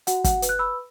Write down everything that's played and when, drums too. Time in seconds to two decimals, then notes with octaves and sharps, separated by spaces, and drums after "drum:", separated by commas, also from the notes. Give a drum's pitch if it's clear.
0.07 F#4 F#5, drum: hi-hat
0.24 F#5, drum: kick, hi-hat
0.42 B4, drum: hi-hat
0.49 F#6
0.59 B5 E6